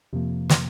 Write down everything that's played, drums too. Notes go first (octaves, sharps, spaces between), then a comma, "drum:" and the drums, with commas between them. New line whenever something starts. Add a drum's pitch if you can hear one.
F2 C3 F3 A#3
drum: snare